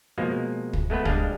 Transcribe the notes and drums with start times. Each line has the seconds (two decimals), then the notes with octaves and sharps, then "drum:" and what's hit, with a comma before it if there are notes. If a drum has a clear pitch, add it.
0.18 B2 F3 G#3 A#3
0.73 drum: kick
0.90 G#3 A3 B3 B4
1.05 G3 G#3 D4 D#5 F5, drum: kick